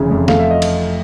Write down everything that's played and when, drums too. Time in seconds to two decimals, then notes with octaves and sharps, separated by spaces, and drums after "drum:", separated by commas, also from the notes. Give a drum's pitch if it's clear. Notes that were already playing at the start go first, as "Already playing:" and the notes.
Already playing: F1 C#3 E3
0.11 F2
0.28 A3 F5, drum: snare
0.40 E5
0.51 D#5
0.62 drum: cymbal